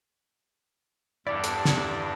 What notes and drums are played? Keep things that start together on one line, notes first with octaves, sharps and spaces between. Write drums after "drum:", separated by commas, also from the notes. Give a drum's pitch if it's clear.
E2 G2 D4 E4 G4 A4 D5
drum: hi-hat
drum: snare